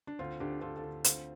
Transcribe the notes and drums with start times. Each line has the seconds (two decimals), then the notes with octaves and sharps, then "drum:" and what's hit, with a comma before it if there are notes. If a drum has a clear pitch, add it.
0.07 D4
0.19 D2 C4 F4
0.40 D2 D4 G4
0.61 D2 F4 A4
0.76 F4 A4
0.83 D2
1.04 D2 C4 F4, drum: hi-hat